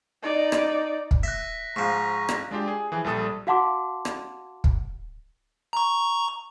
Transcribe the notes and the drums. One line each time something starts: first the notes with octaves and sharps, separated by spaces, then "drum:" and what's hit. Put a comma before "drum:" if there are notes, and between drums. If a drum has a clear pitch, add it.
D#4 D5
drum: rim click
drum: kick
E5 F#6 A#6 B6
G#2 F3 A#5 C#6
drum: rim click
G#3 D4 F4 G4
G#4
E3 F3 G#4
A#1 G3 A4 D#6 A6
F#4 F5 F#5 A5 C6 D6
drum: rim click
drum: kick
A#5 C#6